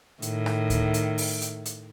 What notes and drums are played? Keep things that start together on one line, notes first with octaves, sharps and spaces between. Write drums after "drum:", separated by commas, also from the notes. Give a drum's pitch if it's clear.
A2 D#3, drum: hi-hat
drum: rim click
drum: kick C#2, hi-hat
drum: hi-hat
drum: open hi-hat
drum: hi-hat
drum: hi-hat